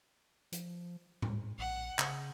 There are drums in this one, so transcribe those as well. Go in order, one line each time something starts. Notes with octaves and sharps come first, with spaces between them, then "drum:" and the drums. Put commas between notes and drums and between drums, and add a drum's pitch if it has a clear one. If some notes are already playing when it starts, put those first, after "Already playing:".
F3, drum: hi-hat
G#2, drum: tom A2
A#1 F#5
C#3, drum: clap